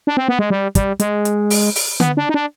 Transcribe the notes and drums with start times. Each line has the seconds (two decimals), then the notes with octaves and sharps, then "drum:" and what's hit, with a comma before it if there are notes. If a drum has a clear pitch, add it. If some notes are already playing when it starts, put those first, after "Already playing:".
0.07 D4
0.17 C4
0.28 B3
0.39 G#3
0.50 G3
0.75 G3, drum: kick, hi-hat
1.00 G#3, drum: hi-hat
1.25 drum: hi-hat
1.50 drum: open hi-hat
1.75 drum: open hi-hat
2.00 B3, drum: tom D3
2.17 D4
2.29 D#4
2.34 D4